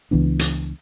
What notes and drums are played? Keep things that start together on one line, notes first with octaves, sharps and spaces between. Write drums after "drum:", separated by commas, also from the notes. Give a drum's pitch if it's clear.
C#2 E3 B3 D4
drum: hi-hat